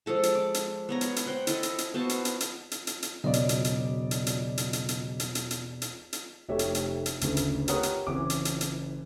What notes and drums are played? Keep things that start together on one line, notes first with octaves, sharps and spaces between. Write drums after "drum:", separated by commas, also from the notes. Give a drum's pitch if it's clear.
F3 G#3 A4 A5
drum: hi-hat
D5
drum: hi-hat
B3 C#5 A#5
drum: hi-hat
drum: hi-hat
C5 F#5 G5
E4 A4 D#5, drum: hi-hat
drum: hi-hat
drum: hi-hat
B3 F#4 C5 A5
drum: hi-hat
drum: hi-hat
drum: hi-hat
drum: hi-hat
drum: hi-hat
drum: hi-hat
E1 C#3 F#3 D5 D#5
drum: hi-hat
drum: hi-hat
drum: hi-hat
drum: hi-hat
drum: hi-hat
drum: hi-hat
drum: hi-hat
drum: hi-hat
drum: hi-hat
drum: hi-hat
drum: hi-hat
drum: hi-hat
drum: hi-hat
F1 A3 G4 C#5 E5
drum: hi-hat
drum: hi-hat
drum: hi-hat
F#1 D2 C#3, drum: hi-hat
drum: hi-hat
G4 A#4 B4 C#5 F#5 D#6, drum: hi-hat
drum: hi-hat
F#1 E3 C4 C#4 D6
drum: hi-hat
drum: hi-hat
drum: hi-hat